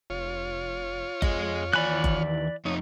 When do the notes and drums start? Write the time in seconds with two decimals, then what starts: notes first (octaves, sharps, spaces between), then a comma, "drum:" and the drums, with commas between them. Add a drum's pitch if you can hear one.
0.10 F1 F4 C#5
1.22 F2 G#4 D#5, drum: kick F#1
1.73 D#2 E3 D5 G#5 B5 F#6
2.04 drum: kick F#1
2.65 F2 D#4 C#5 D#6